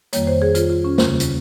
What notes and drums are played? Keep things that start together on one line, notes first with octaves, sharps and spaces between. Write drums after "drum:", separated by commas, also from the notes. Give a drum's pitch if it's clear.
F2 D#3 G3 A#3 C#5, drum: hi-hat
C5
G#4
F4, drum: hi-hat
F4
C#4
D#2 C#3 G3 A#3, drum: snare
drum: hi-hat